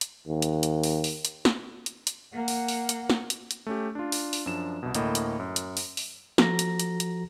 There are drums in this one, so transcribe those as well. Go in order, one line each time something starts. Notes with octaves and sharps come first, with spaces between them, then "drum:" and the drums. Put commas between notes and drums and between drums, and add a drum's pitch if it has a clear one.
drum: hi-hat
D#2
drum: hi-hat
drum: hi-hat
drum: open hi-hat
drum: open hi-hat
drum: hi-hat
drum: snare
drum: hi-hat
drum: hi-hat
A#3 F#5
drum: open hi-hat
drum: open hi-hat
drum: hi-hat
drum: snare
drum: hi-hat
drum: hi-hat
A3 C#4 G4
D4 F4
drum: open hi-hat
drum: open hi-hat
F#2 F3 D4 E7
C2 B2
D2 A2 A#3 D#5 B5, drum: hi-hat
drum: hi-hat
F#2
drum: hi-hat
drum: open hi-hat
drum: open hi-hat
F3 F#4 A4 A#5 A#6, drum: snare
drum: hi-hat
drum: hi-hat
drum: hi-hat